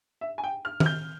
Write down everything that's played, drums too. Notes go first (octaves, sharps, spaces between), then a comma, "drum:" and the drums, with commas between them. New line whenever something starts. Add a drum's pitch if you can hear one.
E5
G#5
G5
F6
F6, drum: tom D#3
G6